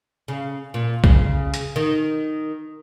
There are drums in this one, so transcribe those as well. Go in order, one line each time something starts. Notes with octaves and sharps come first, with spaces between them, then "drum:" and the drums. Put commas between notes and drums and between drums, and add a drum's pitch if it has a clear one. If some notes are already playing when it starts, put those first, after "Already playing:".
C#3
A#2
C#3, drum: kick
drum: hi-hat
D#3